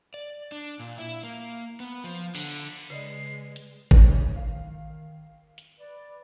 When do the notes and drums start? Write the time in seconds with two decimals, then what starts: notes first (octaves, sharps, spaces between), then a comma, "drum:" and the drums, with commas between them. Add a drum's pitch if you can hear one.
0.14 D5
0.52 D4
0.80 A#2
0.98 E4
1.24 A#3
1.80 B3
2.04 F3
2.35 D3, drum: cymbal
2.90 C#3 G#3 B4 D5 D#5 C7
3.56 drum: hi-hat
3.91 E3 C#4 D#4, drum: kick
4.36 D#3 F5
5.58 drum: hi-hat
5.79 B4 D5